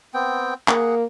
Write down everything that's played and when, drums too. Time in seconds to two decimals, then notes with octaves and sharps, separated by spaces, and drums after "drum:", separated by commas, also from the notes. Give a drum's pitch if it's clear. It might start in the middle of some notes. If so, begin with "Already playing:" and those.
0.14 B3 C4 G5
0.68 A#3 G#4 F#5, drum: clap